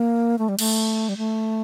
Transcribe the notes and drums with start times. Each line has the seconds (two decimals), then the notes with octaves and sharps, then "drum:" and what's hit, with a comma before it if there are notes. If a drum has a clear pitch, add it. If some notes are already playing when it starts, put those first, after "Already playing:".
Already playing: A#3
0.39 A3
0.49 G3
0.59 A3, drum: cymbal
1.09 G3
1.18 A3